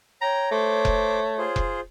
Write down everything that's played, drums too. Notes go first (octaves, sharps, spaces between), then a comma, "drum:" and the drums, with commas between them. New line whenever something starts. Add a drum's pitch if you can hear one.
C#5 G5 A#5
A3 C5 D6
drum: kick F1
F4 G#4 C5
drum: kick F1